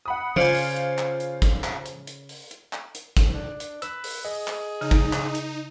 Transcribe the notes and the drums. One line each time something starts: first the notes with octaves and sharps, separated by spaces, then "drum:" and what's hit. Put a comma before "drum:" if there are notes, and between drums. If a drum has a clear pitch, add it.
F#5 B5 D#6
C#3 F4 C5 D5 G#5 F6
drum: open hi-hat
drum: hi-hat
drum: clap
drum: hi-hat
drum: kick, hi-hat
drum: clap
drum: hi-hat
drum: hi-hat
drum: open hi-hat
drum: hi-hat
drum: clap
drum: hi-hat
drum: kick, hi-hat
D4
drum: hi-hat
B4 E6, drum: hi-hat
drum: open hi-hat
G#4 D#5
drum: clap
C#3 D#4
drum: kick, hi-hat
drum: clap
drum: hi-hat